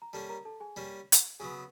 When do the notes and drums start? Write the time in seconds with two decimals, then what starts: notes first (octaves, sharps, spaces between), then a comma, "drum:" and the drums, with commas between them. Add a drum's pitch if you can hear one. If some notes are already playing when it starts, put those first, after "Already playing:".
0.02 A#5
0.13 G3 A#3 C#4 A4 A5
0.29 A#4 A#5
0.45 A4 A5
0.60 G#4 G#5
0.76 G3 A#3 C#4
1.12 drum: hi-hat
1.40 C#3 F#3 B3 G#4 G#5